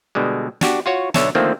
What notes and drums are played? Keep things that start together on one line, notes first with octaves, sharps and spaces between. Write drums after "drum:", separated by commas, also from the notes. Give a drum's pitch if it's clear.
B2 D3 G3 G#3
D4 F#4 G4, drum: snare
F4 F#4 C#5
B1 D3 C#5 E5 A5, drum: snare
D3 D#3 F3 A3 A#3 C4